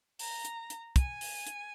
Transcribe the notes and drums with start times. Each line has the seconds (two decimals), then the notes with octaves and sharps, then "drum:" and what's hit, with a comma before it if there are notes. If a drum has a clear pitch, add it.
0.19 A#5, drum: open hi-hat
0.45 drum: hi-hat
0.70 drum: hi-hat
0.96 G#5, drum: kick, hi-hat
1.21 drum: open hi-hat
1.47 drum: hi-hat